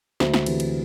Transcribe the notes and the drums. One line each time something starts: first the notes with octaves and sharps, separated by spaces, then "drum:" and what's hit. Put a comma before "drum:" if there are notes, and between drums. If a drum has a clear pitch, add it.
D2 C5 E5, drum: snare
drum: snare
C3 E3, drum: cymbal
drum: cymbal